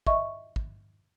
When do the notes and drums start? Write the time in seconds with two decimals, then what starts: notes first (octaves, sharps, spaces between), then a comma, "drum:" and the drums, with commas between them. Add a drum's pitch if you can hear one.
0.07 D#5 E5 C#6, drum: kick
0.56 drum: kick